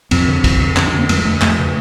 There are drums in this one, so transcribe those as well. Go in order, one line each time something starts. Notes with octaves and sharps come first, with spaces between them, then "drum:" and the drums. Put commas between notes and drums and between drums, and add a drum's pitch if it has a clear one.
F2 C4, drum: cymbal
D3
F2, drum: kick, cymbal
D3
F2 C#4, drum: clap
C#4
D3
A#3
F2 A3, drum: cymbal
G#3
D3 A3
F2 A3, drum: clap
C#3